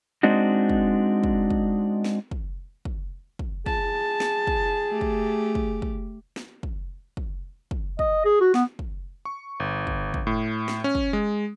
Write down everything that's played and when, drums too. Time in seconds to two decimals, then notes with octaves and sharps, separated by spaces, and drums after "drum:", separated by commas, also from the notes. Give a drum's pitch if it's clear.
0.23 G#3 C4 D4 D#4 F#4
0.70 drum: kick
1.23 drum: kick
1.50 drum: kick
2.04 drum: snare
2.31 drum: kick
2.85 drum: kick
3.39 drum: kick
3.66 G#4 A5, drum: kick
4.20 drum: snare
4.47 drum: kick
4.88 A3 G4
5.01 drum: kick
5.55 drum: kick
5.82 drum: kick
6.36 drum: snare
6.63 drum: kick
7.17 drum: kick
7.71 drum: kick
7.99 D#5, drum: kick
8.25 G#4
8.41 F#4
8.54 B3, drum: snare
8.79 drum: kick
9.25 C#6
9.60 G1
9.87 drum: kick
10.14 drum: kick
10.27 A2
10.68 drum: snare
10.84 C#4
10.95 drum: kick
11.13 G#3